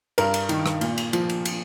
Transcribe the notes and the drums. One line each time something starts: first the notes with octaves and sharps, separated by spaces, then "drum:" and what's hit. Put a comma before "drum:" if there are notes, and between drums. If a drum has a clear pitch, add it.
G2 A#4, drum: cymbal
drum: cymbal
D#3, drum: cymbal
drum: rim click
A#2, drum: cymbal
drum: cymbal
F3, drum: cymbal
drum: cymbal
drum: cymbal